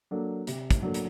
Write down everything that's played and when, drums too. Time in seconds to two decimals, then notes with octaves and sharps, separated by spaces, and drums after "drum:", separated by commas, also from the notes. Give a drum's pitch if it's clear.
0.11 F#3 A#3 D4 A4
0.47 C3, drum: hi-hat
0.71 drum: kick, hi-hat
0.82 F#3 A#3 D4 A4
0.94 drum: hi-hat